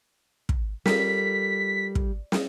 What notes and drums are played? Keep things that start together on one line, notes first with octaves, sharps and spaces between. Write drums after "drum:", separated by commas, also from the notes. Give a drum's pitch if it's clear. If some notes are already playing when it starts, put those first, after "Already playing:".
drum: kick
G3 F4 A4 A#4 B6, drum: snare
drum: kick
drum: snare